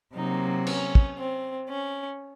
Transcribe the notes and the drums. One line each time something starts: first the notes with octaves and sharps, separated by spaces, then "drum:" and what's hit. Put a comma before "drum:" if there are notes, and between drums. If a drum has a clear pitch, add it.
C3 F#3 A#3 D#4
C#4, drum: cymbal
drum: kick
C4
C#4